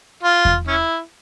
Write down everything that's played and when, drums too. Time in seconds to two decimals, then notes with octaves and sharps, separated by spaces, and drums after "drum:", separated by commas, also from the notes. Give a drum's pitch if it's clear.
0.23 F4
0.45 drum: kick E2
0.67 C#4 E4